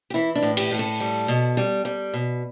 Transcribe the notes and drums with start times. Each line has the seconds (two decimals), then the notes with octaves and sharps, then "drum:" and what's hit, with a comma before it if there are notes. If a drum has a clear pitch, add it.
0.10 G4
0.14 E3 E4
0.35 D4
0.43 A2
0.57 G4, drum: cymbal
0.71 A2
0.79 A4
1.00 G3
1.28 B2
1.57 G3
1.85 G3
2.14 B2